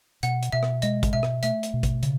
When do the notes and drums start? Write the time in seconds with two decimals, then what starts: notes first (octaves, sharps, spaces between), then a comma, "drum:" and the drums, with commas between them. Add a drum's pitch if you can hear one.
0.23 B2 F#5, drum: hi-hat
0.43 drum: hi-hat
0.52 B2 E5
0.63 drum: rim click
0.82 G#3 D#5, drum: hi-hat
1.03 drum: kick A1, hi-hat
1.13 B2 E5
1.23 drum: rim click
1.43 A3 E5, drum: hi-hat
1.63 drum: hi-hat
1.74 B2
1.83 drum: kick A1, hi-hat
2.03 C#3, drum: hi-hat